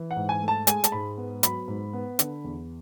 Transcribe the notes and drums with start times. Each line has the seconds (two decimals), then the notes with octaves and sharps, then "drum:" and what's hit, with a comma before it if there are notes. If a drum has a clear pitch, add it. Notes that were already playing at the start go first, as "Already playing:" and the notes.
Already playing: E3
0.11 F#5
0.16 G#2
0.29 G#5
0.42 A3
0.48 A5
0.67 G#3 G#5, drum: hi-hat
0.84 A5, drum: hi-hat
0.92 G#2 B5
1.18 B3
1.43 F#3 B5, drum: hi-hat
1.68 G#2
1.93 B3
2.19 D3, drum: hi-hat
2.44 E2